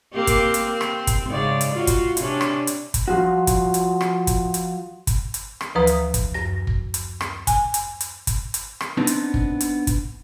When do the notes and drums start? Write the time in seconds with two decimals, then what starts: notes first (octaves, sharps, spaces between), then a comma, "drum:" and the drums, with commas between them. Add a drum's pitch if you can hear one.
0.13 A#3 C4 G4
0.27 drum: kick, hi-hat
0.54 drum: hi-hat
0.64 C4
0.81 drum: rim click
1.07 drum: kick, hi-hat
1.27 G#2 C#3 D5
1.61 drum: hi-hat
1.75 F4 F#4
1.87 drum: kick, hi-hat
2.17 C3 C#4 D4, drum: hi-hat
2.41 drum: rim click
2.67 drum: hi-hat
2.94 drum: kick, hi-hat
3.08 F3 F4 F#4
3.47 drum: kick, hi-hat
3.74 drum: hi-hat
4.01 drum: rim click
4.27 drum: kick, hi-hat
4.54 drum: hi-hat
5.07 drum: kick, hi-hat
5.34 drum: hi-hat
5.61 drum: rim click
5.75 D2 E3 F3 B4 A#5 D#6
5.87 drum: hi-hat
6.14 drum: kick, hi-hat
6.34 F#2 A#6
6.67 drum: kick
6.94 drum: hi-hat
7.21 drum: rim click
7.47 G#5, drum: kick, hi-hat
7.74 drum: hi-hat
8.01 drum: hi-hat
8.27 drum: kick, hi-hat
8.54 drum: hi-hat
8.81 drum: rim click
8.97 B3 C4 D4 D#4
9.07 drum: hi-hat
9.34 drum: kick
9.60 drum: hi-hat
9.87 drum: kick, hi-hat